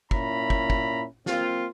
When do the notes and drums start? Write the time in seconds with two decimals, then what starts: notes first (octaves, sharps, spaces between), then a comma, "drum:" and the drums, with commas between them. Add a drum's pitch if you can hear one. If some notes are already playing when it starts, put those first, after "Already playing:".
0.11 A#2 C#4 E4 A#5 B5, drum: kick
0.50 drum: kick
0.70 drum: kick
1.26 A#3 C4 F4, drum: snare